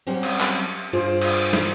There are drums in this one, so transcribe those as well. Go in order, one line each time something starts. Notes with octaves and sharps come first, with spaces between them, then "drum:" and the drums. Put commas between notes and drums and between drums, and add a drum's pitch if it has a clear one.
F#3 G3 C4 C#4 F#5 G5
drum: cymbal
drum: clap
G2 F4 G#4 C5 D5
drum: cymbal
drum: snare